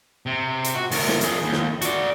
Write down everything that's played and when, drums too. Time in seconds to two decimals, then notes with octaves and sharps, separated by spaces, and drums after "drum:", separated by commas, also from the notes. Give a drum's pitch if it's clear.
0.26 C3
0.64 drum: hi-hat
0.75 F#4
0.91 D2 A#4, drum: open hi-hat
1.08 drum: snare
1.21 F2 G#4, drum: hi-hat
1.43 D#2
1.52 drum: snare
1.82 F#4 D5, drum: hi-hat